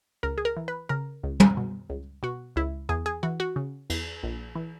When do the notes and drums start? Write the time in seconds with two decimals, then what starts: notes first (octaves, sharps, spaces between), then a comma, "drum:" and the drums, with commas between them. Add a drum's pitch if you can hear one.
0.23 C#2 A#4
0.38 G#4
0.45 A#4
0.57 E3
0.68 B4
0.89 C#3 A#4
1.23 C#2
1.40 drum: tom
1.57 B2
1.90 C#2
2.23 B2 F#4
2.56 C#2 E4
2.89 E2 G#4
3.06 G#4
3.23 E3 F#4
3.40 F#4
3.56 C#3
3.90 E2, drum: cymbal
4.23 A#1
4.55 E3